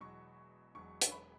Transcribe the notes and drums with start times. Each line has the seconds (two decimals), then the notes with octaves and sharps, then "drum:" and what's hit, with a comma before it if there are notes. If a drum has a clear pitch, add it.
0.01 E1 E2 B2 F#3 C#6
0.75 E1 E2 B2 F#3 C#6
1.01 drum: hi-hat
1.12 B5